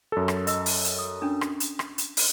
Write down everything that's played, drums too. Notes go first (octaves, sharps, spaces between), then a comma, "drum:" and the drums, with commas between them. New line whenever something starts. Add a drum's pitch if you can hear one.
F#2 A4
drum: rim click
D#5 E6, drum: hi-hat
drum: open hi-hat
drum: hi-hat
D#6
C#4 D4 D#6
drum: rim click
drum: hi-hat
drum: rim click
drum: hi-hat
drum: open hi-hat